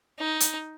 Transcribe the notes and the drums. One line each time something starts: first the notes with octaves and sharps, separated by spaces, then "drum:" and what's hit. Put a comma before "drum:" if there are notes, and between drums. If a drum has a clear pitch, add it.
D#4
drum: hi-hat